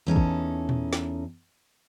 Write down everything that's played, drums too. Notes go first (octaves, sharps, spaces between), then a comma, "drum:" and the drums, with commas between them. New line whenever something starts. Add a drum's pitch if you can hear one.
E2 C#4 D#4 A4
drum: kick
drum: tom A#2
drum: snare